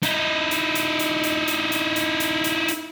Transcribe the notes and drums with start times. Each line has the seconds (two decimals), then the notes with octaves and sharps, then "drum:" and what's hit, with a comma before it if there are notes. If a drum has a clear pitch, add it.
0.03 D#4 E4, drum: hi-hat
0.51 drum: hi-hat
0.75 drum: hi-hat
0.99 drum: hi-hat
1.23 drum: hi-hat
1.48 drum: hi-hat
1.72 drum: hi-hat
1.96 drum: hi-hat
2.20 drum: hi-hat
2.44 drum: hi-hat
2.68 drum: hi-hat